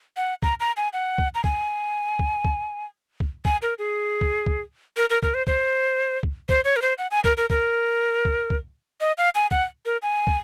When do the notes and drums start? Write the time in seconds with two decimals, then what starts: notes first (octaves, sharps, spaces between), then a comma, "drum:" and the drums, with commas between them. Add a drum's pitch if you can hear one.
0.17 F#5
0.42 A#5, drum: kick
0.60 A#5
0.77 G#5
0.93 F#5
1.18 drum: kick
1.35 A#5
1.44 G#5, drum: kick
2.19 drum: kick
2.45 drum: kick
3.20 drum: kick
3.45 G#5, drum: kick
3.62 A#4
3.79 G#4
4.21 drum: kick
4.46 drum: kick
4.97 A#4
5.10 A#4
5.23 A#4, drum: kick
5.34 C5
5.47 C5, drum: kick
6.23 drum: kick
6.49 C5, drum: kick
6.65 C#5
6.76 A#4
6.82 C5
6.98 F#5
7.11 G#5
7.24 A#4, drum: kick
7.37 A#4
7.50 A#4, drum: kick
8.25 drum: kick
8.50 drum: kick
9.01 D#5
9.18 F5
9.35 G#5
9.51 F#5, drum: kick
9.85 A#4
10.02 G#5
10.27 drum: kick